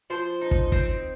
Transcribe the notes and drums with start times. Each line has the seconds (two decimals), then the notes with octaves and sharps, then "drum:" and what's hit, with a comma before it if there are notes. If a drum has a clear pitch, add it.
0.10 F3 C5
0.41 D#4
0.51 drum: kick
0.72 C4, drum: kick